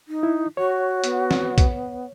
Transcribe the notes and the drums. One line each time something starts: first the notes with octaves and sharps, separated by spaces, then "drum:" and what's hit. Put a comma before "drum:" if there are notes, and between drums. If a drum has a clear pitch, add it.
D#4
E4
F#4 C#5
B3, drum: hi-hat
drum: snare
drum: kick, hi-hat